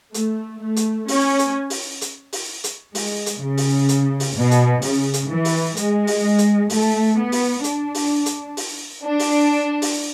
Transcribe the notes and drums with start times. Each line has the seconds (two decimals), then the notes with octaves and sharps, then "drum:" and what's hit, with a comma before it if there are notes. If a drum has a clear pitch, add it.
0.14 A3, drum: hi-hat
0.60 A3
0.76 drum: hi-hat
1.08 C#4, drum: open hi-hat
1.39 drum: hi-hat
1.70 drum: open hi-hat
2.01 drum: hi-hat
2.33 drum: open hi-hat
2.64 drum: hi-hat
2.95 G#3, drum: open hi-hat
3.26 drum: hi-hat
3.42 C#3
3.57 drum: open hi-hat
3.89 drum: hi-hat
4.20 drum: open hi-hat
4.35 B2
4.51 drum: hi-hat
4.82 C#3, drum: open hi-hat
5.14 drum: hi-hat
5.30 E3
5.45 drum: open hi-hat
5.77 G#3, drum: hi-hat
6.07 drum: open hi-hat
6.38 drum: hi-hat
6.70 A3, drum: open hi-hat
7.16 B3
7.32 drum: open hi-hat
7.64 D4, drum: hi-hat
7.95 drum: open hi-hat
8.26 drum: hi-hat
8.57 drum: open hi-hat
9.04 D4
9.19 drum: open hi-hat
9.82 drum: open hi-hat